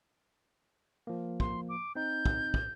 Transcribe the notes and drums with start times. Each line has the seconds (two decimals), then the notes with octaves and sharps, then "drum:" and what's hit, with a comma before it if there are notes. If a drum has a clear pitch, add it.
1.07 F3 A#3
1.40 C6, drum: kick
1.69 D6
1.95 C4 D#4 G6
2.26 drum: kick
2.54 drum: kick